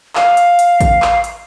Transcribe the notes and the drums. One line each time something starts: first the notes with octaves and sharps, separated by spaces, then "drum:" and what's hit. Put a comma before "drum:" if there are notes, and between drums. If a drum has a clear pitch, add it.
F5, drum: clap
drum: hi-hat
drum: hi-hat
drum: kick A1, hi-hat
drum: clap
drum: hi-hat